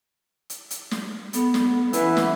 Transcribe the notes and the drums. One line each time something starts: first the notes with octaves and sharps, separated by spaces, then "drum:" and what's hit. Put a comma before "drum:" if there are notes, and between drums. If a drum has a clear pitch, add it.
drum: hi-hat
drum: hi-hat
drum: snare
B3 A4 B5, drum: hi-hat
drum: snare
E3 C#4 E5 F#5 B5, drum: hi-hat
drum: snare